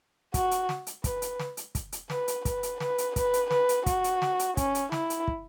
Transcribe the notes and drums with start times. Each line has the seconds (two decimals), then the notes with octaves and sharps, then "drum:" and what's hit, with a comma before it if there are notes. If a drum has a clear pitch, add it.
0.34 F#4, drum: kick, hi-hat
0.51 drum: hi-hat
0.69 drum: snare
0.87 drum: hi-hat
1.04 B4, drum: kick, hi-hat
1.22 drum: hi-hat
1.39 drum: snare
1.57 drum: hi-hat
1.75 drum: kick, hi-hat
1.92 drum: hi-hat
2.10 B4, drum: snare
2.28 drum: hi-hat
2.45 B4, drum: kick, hi-hat
2.63 drum: hi-hat
2.80 B4, drum: snare
2.98 drum: hi-hat
3.16 B4, drum: kick, hi-hat
3.34 drum: hi-hat
3.51 B4, drum: snare
3.69 drum: hi-hat
3.86 F#4, drum: kick, hi-hat
4.04 drum: hi-hat
4.22 drum: snare
4.39 drum: hi-hat
4.57 C#4, drum: kick, hi-hat
4.75 drum: hi-hat
4.92 E4, drum: snare
5.10 drum: hi-hat
5.28 drum: kick